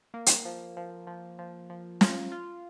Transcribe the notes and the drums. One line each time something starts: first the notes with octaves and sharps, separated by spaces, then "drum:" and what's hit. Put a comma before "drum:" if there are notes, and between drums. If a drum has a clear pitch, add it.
A#3
drum: hi-hat
F3
F3
F3
F3
F3
F4, drum: snare
F4